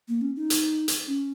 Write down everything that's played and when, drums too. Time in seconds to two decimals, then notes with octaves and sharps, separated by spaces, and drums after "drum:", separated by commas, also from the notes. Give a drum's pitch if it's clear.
0.08 A#3
0.21 C#4
0.36 D#4
0.50 drum: hi-hat
0.88 drum: hi-hat
1.07 C#4